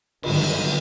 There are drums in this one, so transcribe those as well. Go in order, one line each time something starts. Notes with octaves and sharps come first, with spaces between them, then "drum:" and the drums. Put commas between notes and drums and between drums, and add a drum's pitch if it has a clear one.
G1 D3 D#3 F#3 G#3, drum: cymbal